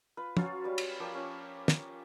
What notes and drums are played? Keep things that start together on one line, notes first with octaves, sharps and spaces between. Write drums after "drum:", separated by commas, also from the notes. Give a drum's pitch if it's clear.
F4 B4
F#3 C#4 F4 F#4, drum: tom
G3 B4
drum: cymbal
F3 A#3 G4 B4
C#4 F4
drum: snare